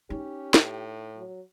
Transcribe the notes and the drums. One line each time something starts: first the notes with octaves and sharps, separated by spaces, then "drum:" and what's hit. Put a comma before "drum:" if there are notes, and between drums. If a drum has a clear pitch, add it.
C#4 D#4 G4
A2, drum: snare
F#3